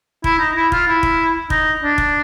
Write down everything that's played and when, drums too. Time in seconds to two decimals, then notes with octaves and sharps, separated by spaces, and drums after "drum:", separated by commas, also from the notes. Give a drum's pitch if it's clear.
0.24 E4, drum: kick
0.39 D#4
0.55 E4
0.72 F4, drum: kick
0.87 E4
1.03 drum: kick
1.50 D#4, drum: kick
1.83 D4
1.98 drum: kick